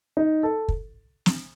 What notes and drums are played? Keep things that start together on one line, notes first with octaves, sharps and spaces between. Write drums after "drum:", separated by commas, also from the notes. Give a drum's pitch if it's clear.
D#4
A4
drum: kick
drum: snare